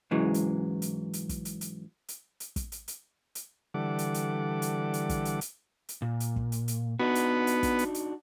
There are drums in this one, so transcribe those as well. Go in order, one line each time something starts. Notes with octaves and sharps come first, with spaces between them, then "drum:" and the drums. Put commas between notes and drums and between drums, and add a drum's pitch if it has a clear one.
G#2 C#3 E3 F#3 G#3
drum: hi-hat
drum: hi-hat
drum: hi-hat
drum: kick, hi-hat
drum: hi-hat
drum: hi-hat
drum: hi-hat
drum: hi-hat
drum: kick, hi-hat
drum: hi-hat
drum: hi-hat
drum: hi-hat
D3 E3 G3 A4 F#5 D6
drum: hi-hat
drum: hi-hat
drum: hi-hat
drum: hi-hat
drum: kick, hi-hat
drum: hi-hat
drum: hi-hat
drum: hi-hat
A#2
drum: hi-hat
drum: kick
drum: hi-hat
drum: hi-hat
B3 D4 D#4 F#4
drum: hi-hat
drum: hi-hat
drum: kick, hi-hat
drum: hi-hat
drum: hi-hat